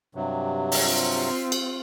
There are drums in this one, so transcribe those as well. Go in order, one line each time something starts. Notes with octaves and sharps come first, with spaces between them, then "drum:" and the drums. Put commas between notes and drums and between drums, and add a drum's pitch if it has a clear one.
G2 C3 F#3
drum: open hi-hat
C4 F4
drum: cymbal